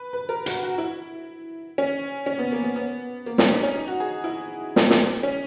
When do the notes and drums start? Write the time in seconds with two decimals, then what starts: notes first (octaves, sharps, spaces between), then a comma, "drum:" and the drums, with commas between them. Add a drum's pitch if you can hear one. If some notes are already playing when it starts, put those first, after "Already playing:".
Already playing: B4
0.13 B4
0.29 A#4
0.46 F#4, drum: hi-hat
0.63 F#4
0.74 F#4
0.78 E4
1.78 C#4
2.26 C#4
2.39 B3
2.52 A#3
2.63 B3
2.76 B3
3.26 A#3
3.38 C#4, drum: snare
3.51 D#4
3.63 C#4
3.75 D#4
3.88 F#4
4.00 G#4
4.24 E4
4.76 drum: snare
4.90 drum: snare
5.23 C#4